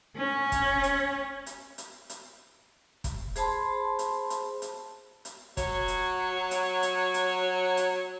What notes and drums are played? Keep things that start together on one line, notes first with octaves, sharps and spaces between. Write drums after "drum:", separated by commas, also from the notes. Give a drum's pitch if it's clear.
C#4
drum: kick, hi-hat
drum: hi-hat
drum: hi-hat
drum: hi-hat
drum: hi-hat
drum: kick, hi-hat
G#4 C5 A5 B5 C6, drum: hi-hat
drum: hi-hat
drum: hi-hat
drum: hi-hat
drum: hi-hat
F#3 C#5, drum: kick, hi-hat
drum: hi-hat
drum: hi-hat
drum: hi-hat
drum: hi-hat
drum: hi-hat